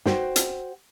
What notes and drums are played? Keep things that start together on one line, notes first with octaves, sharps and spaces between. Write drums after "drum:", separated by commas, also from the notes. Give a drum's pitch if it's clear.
F#4 C5 G5, drum: snare
drum: hi-hat